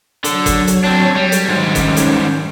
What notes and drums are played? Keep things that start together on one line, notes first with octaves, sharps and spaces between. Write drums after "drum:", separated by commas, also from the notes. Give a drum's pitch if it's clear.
D3 F#3 C#5 G#6, drum: hi-hat
drum: kick, hi-hat
drum: hi-hat
C4 D4
G3
drum: hi-hat
G#2 D#3 G3 C#4
drum: kick, hi-hat
drum: hi-hat